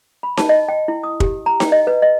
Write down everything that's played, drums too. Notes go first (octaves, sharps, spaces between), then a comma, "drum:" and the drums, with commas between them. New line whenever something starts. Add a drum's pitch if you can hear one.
B5
A5, drum: snare D#4
D#5
G5
E4
D#6
G4, drum: kick
A#5
G5, drum: snare D#4
D#5
B4
D#5